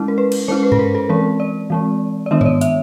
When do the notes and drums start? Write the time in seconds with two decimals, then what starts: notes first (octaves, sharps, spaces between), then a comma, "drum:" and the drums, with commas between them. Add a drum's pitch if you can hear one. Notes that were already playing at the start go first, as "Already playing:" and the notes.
Already playing: G#3 C#4 E4
0.08 A#4
0.18 B4
0.32 drum: cymbal
0.48 G#3 C#4 E4 C5
0.63 B4
0.72 A4, drum: tom G2
0.79 A#4
0.95 A4
1.09 E3 G#3 C4 A#4
1.40 D5
1.70 E3 G#3 C4
2.26 D5
2.31 D#3 G#3 B3 D4 D#5
2.41 C#5, drum: tom G2
2.46 D5
2.61 E5, drum: hi-hat